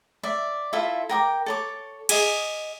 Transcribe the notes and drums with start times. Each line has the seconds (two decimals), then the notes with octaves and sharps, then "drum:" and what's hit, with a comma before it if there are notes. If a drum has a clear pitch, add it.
0.23 D5 E5
0.73 E4 F4 A4 E5
1.09 A#4 G5 D6
1.46 A4 C#5 D6
2.09 G#4 D#5, drum: cymbal